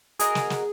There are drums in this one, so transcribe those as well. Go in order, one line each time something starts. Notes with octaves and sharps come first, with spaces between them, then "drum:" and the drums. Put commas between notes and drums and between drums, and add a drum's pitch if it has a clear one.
F#4 G#4 A#4 D#5 G#5, drum: hi-hat
drum: snare
drum: snare